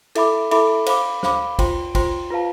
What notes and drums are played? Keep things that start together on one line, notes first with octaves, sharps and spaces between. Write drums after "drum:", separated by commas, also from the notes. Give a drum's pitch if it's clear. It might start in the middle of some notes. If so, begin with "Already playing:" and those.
E4 A4 E5 B5 D6, drum: cymbal
E4 A4 E5 B5 D6, drum: cymbal
C5 F5 B5 D6, drum: cymbal
C5 F5 B5 D6, drum: snare
F4 C5 G5 C6, drum: kick, cymbal
F4 C5 G5 C6, drum: kick, cymbal
F4 B4 F5 A5